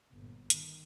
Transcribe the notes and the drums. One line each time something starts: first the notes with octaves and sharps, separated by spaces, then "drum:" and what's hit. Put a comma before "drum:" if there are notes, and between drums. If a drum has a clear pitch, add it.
G1 A#2
D#3, drum: hi-hat